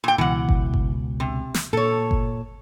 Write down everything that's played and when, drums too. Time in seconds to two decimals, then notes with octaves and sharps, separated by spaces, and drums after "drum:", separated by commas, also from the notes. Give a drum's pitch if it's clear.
0.04 A#2 G5
0.18 C#2 B2 E3 F#5
0.49 drum: kick G1
0.74 drum: kick G1
1.20 C3
1.54 drum: snare
1.73 A#2 A4 C#5
2.11 drum: kick G1